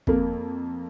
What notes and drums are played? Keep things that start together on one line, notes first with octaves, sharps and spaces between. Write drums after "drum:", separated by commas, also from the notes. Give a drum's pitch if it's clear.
F2 A#3, drum: kick